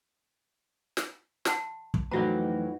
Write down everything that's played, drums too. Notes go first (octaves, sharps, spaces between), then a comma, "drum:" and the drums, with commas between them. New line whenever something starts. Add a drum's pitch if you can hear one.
drum: snare
F#5 A5 C6, drum: snare
drum: kick
F2 E3 F#3 A3 D#4 F#4 B4 A#5